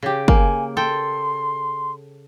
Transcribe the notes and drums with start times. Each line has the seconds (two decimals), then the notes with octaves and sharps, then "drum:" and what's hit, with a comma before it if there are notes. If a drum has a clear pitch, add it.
0.03 C#3 G4
0.28 A#3 G#5, drum: kick
0.77 A4 G5 C6